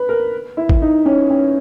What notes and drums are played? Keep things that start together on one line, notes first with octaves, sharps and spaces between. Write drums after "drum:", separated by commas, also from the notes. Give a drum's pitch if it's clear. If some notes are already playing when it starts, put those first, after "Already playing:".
Already playing: B4
A#4
E4
drum: kick
D#4
C#4
C#4